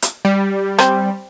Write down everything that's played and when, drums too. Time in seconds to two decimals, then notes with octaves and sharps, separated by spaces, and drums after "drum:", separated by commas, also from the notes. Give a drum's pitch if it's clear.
0.02 drum: hi-hat
0.25 G3
0.79 C4, drum: rim click